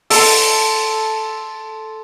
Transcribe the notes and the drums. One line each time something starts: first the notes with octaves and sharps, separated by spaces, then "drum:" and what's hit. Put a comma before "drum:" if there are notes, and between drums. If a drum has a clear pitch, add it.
A4 C6, drum: open hi-hat